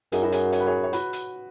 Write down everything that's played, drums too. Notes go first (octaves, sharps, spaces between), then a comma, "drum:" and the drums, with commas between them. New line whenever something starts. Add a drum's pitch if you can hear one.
F#2 D#4 G#4, drum: hi-hat
F#4 B4
G#4 C#5, drum: hi-hat
C#5, drum: hi-hat
B4
G#4 C#5
C#5
F#4 B4, drum: hi-hat
drum: hi-hat